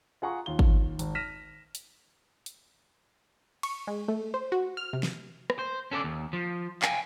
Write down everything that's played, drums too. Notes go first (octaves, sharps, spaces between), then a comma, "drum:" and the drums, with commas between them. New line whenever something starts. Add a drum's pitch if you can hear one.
F4 G#4 F#5 A#5 C#6
D#2 F4 G7
drum: kick G#1
G#1, drum: hi-hat
F6 A#6 B6 D#7 E7
drum: hi-hat
drum: hi-hat
C#6, drum: cymbal
G#3
A3
C5
F#4
F6
C3
drum: snare
drum: rim click
C5
C#4 A4 C5 D5
D#2
F3
F5 G5 G#5, drum: clap